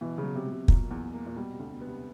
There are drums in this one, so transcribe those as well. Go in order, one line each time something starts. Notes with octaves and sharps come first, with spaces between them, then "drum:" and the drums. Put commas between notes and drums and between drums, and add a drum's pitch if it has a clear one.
B2 E3
C#3
F#3
C3
F#3
C3
A#2 A#3, drum: kick
E2
A#3
A#2
B2 G3
C3
D2
B2
B3
C3